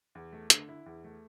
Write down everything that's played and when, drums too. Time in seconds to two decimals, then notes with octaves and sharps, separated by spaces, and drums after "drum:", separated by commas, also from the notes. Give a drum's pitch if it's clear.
0.15 E2
0.33 A3
0.50 D3, drum: hi-hat
0.69 E4
0.86 E2
1.04 A3